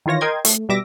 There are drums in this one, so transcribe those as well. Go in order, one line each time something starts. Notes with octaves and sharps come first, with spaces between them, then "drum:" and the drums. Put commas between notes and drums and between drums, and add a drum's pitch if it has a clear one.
D#3 E3 F4 C#5 A#6
A#4 D#5 G5 C6 G#6
A3, drum: hi-hat
B2 G3 E5 D6 A#6